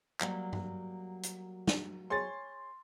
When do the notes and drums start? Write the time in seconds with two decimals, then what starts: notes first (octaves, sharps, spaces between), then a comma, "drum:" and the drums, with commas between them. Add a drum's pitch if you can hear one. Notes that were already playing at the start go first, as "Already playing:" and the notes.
0.21 F#3 G3 A#3, drum: clap
0.53 drum: tom G2
1.23 drum: hi-hat
1.67 drum: snare
2.10 G#4 C#5 C6 A6